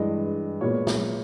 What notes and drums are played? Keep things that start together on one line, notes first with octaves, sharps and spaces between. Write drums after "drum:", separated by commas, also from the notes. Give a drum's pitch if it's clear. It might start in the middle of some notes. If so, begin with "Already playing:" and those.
Already playing: G2 E3 G#3 D#5
A#2 G#3 B3 C#5
drum: snare